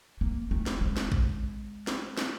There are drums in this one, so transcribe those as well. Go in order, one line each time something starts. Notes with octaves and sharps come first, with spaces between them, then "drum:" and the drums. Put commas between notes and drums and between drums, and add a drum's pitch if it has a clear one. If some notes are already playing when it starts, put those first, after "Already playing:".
A#3
A3
drum: snare
G#3
drum: snare
drum: kick A1
drum: snare
drum: snare